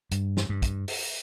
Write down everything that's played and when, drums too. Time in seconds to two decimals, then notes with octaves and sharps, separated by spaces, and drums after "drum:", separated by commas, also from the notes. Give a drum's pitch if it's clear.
0.11 G2, drum: hi-hat
0.37 drum: snare
0.49 G2
0.62 drum: kick, hi-hat
0.88 drum: open hi-hat